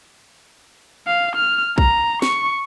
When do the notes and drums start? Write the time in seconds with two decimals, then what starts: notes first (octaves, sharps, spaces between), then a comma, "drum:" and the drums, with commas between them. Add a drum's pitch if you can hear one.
1.07 F5
1.36 F6
1.78 A#5, drum: kick
2.22 C#6, drum: snare